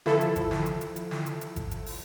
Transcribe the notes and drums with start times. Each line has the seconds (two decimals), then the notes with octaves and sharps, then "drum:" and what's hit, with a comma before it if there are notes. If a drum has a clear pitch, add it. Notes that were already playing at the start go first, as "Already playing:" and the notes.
0.06 F3 E4 A4, drum: snare
0.21 drum: hi-hat
0.36 drum: kick G1, hi-hat
0.51 drum: snare
0.66 drum: hi-hat
0.81 drum: hi-hat
0.96 drum: hi-hat
1.11 drum: snare
1.26 drum: hi-hat
1.41 drum: hi-hat
1.56 drum: kick G1, hi-hat
1.71 drum: hi-hat
1.86 drum: open hi-hat